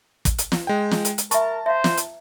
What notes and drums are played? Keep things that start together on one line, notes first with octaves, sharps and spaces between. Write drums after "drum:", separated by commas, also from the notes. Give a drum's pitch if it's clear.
drum: kick, hi-hat
drum: hi-hat
drum: snare
G#3 G5
drum: snare
drum: hi-hat
drum: hi-hat
A#4 E5 A5 B5 C#6, drum: hi-hat
C5 E5 F5
drum: snare
drum: hi-hat